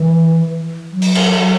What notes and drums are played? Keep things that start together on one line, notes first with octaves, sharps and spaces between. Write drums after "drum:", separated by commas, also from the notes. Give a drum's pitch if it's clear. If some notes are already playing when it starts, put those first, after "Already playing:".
Already playing: E3
F#3
drum: open hi-hat
drum: cymbal